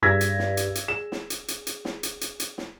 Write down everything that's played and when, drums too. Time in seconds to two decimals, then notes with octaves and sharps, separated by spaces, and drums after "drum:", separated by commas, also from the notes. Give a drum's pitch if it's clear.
0.02 G2 G#4 E6 G#6 A#6 B6
0.21 drum: hi-hat
0.39 drum: snare
0.57 drum: hi-hat
0.75 drum: hi-hat
0.88 G#4 E7
1.12 drum: snare
1.30 drum: hi-hat
1.48 drum: hi-hat
1.67 drum: hi-hat
1.85 drum: snare
2.03 drum: hi-hat
2.21 drum: hi-hat
2.40 drum: hi-hat
2.58 drum: snare